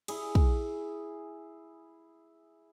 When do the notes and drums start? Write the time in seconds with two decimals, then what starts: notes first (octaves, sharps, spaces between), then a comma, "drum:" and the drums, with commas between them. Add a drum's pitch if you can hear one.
0.08 E4 G#4, drum: cymbal
0.35 drum: kick